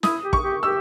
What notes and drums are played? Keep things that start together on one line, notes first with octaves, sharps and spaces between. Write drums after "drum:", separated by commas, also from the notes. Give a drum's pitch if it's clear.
E4 D#6, drum: snare
G4
C#6, drum: kick
G4
G4 E6